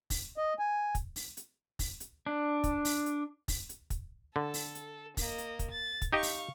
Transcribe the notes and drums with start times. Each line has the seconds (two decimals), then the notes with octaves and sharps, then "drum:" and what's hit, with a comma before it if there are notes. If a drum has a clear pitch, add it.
0.10 drum: kick, open hi-hat
0.38 D#5
0.59 G#5
0.95 drum: kick, hi-hat
1.16 drum: open hi-hat
1.37 drum: hi-hat
1.79 drum: kick, open hi-hat
2.00 drum: hi-hat
2.27 D4
2.64 drum: kick, hi-hat
2.85 drum: open hi-hat
3.06 drum: hi-hat
3.48 drum: kick, open hi-hat
3.69 drum: hi-hat
3.90 drum: kick, hi-hat
4.36 D3 A4
4.54 drum: open hi-hat
4.75 drum: hi-hat
5.17 A#3 D#5, drum: kick, open hi-hat
5.38 drum: hi-hat
5.59 drum: kick, hi-hat
5.71 A6
6.02 drum: kick, hi-hat
6.13 D#4 G4 D#5 F5 C#6
6.23 drum: open hi-hat